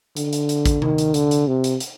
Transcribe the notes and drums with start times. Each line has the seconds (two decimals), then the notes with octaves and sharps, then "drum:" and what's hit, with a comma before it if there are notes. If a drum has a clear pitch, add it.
0.17 D3, drum: hi-hat
0.33 drum: hi-hat
0.49 drum: hi-hat
0.66 drum: kick, hi-hat
0.82 D#3, drum: tom C3
0.98 drum: hi-hat
1.14 D3, drum: hi-hat
1.31 drum: hi-hat
1.48 C3
1.64 drum: hi-hat
1.80 drum: hi-hat